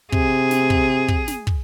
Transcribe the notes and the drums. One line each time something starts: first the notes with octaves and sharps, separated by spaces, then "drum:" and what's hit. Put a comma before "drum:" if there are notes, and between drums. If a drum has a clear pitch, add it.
C3 G#4, drum: kick
drum: snare
drum: kick
drum: kick
drum: snare
drum: kick